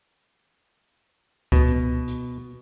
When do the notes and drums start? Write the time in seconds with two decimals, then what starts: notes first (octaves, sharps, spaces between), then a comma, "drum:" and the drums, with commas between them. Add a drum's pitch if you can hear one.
1.52 B2, drum: kick C#2
1.68 drum: hi-hat
2.08 drum: hi-hat